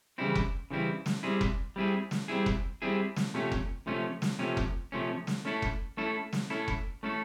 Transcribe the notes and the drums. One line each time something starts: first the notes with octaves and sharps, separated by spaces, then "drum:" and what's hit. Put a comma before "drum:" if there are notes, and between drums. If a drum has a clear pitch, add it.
C#3 E3 G3 C4 E4
drum: kick F1
C#3 E3 G3 C4 E4
drum: snare
G3 C4 E4 G#4
drum: kick F1
G3 C4 E4 G#4
drum: snare
G3 C4 E4 G#4
drum: kick F1
G3 C4 E4 G#4
drum: snare
C3 F3 A3 C#4
drum: kick F1
C3 F3 A3 C#4
drum: snare
C3 F3 A3 C#4
drum: kick F1
C3 F3 A3 C#4
drum: snare
A3 C#4 E4 A4
drum: kick F1
A3 C#4 E4 A4
drum: snare
A3 C#4 E4 A4
drum: kick F1
A3 C#4 E4 A4